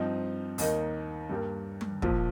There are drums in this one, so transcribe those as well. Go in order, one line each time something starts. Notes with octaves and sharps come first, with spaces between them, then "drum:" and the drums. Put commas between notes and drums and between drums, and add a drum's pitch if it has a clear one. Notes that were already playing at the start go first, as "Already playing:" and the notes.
Already playing: G2 F3 C4 D#4
D#2 D#3 A#3 D#4, drum: open hi-hat
G2 G3 A#3
drum: tom
A#1 A#2 F3, drum: kick